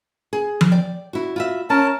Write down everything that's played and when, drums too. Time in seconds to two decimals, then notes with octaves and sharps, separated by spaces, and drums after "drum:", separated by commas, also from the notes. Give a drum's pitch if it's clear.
0.33 G#4
0.61 drum: tom F3
0.72 D5 G5
1.13 E4 F#4
1.36 F4 F#4 E5
1.70 C#4 A#4 A5